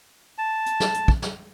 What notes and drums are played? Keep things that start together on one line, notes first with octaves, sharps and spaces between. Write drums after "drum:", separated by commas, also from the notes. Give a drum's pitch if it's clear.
A5
drum: hi-hat
drum: snare
drum: hi-hat
drum: kick
drum: snare